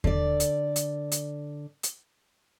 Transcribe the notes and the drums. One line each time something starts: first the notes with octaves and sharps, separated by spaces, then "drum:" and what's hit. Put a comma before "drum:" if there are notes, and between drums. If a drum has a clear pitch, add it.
D3 D5, drum: kick D#2
drum: hi-hat
drum: hi-hat
drum: hi-hat
drum: hi-hat